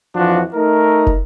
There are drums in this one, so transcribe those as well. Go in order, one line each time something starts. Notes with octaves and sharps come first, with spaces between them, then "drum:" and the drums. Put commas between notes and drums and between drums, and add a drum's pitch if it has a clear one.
F2 E3 F3 D4 F#4
A3 D#4 A#4
drum: kick